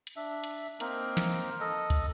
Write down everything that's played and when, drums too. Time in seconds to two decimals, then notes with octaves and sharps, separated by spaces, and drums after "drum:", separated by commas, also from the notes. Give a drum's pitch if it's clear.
0.07 drum: hi-hat
0.16 D4 E5
0.44 drum: hi-hat
0.80 A#3 C4 D#4 A#4, drum: hi-hat
1.17 drum: snare
1.60 A4 D#5
1.90 drum: kick, hi-hat